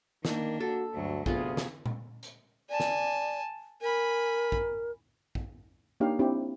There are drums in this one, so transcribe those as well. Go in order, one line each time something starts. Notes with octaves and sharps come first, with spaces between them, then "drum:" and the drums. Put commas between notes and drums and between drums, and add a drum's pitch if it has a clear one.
D#3 A#3 D4, drum: snare
F#4 A4
D2 G2 F#3
D2 C3 B3 F4 G#4, drum: kick
drum: snare
drum: tom A#2
drum: hi-hat
D5 G#5 A5
drum: snare
A#4 G#5 B5
drum: kick
drum: kick
A#3 D4 D#4 G4 C#5 F5
C4 D4 E4 G4